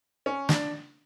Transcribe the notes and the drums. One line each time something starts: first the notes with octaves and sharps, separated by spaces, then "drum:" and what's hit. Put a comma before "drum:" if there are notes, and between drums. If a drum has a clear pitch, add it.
C#4
D4, drum: snare